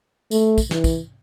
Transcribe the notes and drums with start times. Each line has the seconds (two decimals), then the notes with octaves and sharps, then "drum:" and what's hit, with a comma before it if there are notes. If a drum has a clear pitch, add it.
0.31 A3, drum: tambourine
0.58 drum: kick, tambourine
0.71 E3, drum: snare
0.84 drum: kick, tambourine